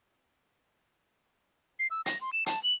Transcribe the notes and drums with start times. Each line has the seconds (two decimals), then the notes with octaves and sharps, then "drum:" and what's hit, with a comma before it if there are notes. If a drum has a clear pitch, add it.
1.79 C7
1.91 E6
2.06 A#6, drum: hi-hat
2.21 C6
2.33 E7
2.46 A5, drum: hi-hat
2.63 F#7